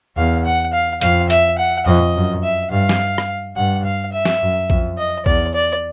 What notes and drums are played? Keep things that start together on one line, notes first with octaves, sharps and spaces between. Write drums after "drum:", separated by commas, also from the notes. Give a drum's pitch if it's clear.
E2 F5
F#5
F5
F2 F5, drum: hi-hat
E5, drum: hi-hat
F#5
F2 D#5
F#2
E5
G2 F5
drum: snare
drum: rim click
G2 F#5
F5
E5
drum: snare
F#2
F2, drum: kick A#1
D#5
E2 D5, drum: kick A#1
D5